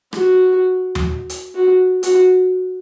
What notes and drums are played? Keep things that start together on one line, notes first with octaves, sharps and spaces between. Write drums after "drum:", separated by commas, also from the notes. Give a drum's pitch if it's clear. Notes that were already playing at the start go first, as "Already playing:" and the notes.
F#4, drum: rim click
drum: tom D#2
drum: hi-hat
F#4
F#4, drum: hi-hat